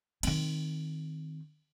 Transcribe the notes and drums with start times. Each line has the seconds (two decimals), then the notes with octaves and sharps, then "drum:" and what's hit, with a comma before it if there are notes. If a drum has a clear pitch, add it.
0.23 D#3 C4, drum: cymbal